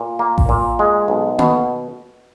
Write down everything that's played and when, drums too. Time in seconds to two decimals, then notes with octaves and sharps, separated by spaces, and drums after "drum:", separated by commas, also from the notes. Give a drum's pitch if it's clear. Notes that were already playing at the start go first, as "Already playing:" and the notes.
Already playing: A#2
0.19 A#3
0.38 drum: kick A1
0.49 A#2
0.79 G#3
1.08 B1
1.39 B2, drum: tom A#3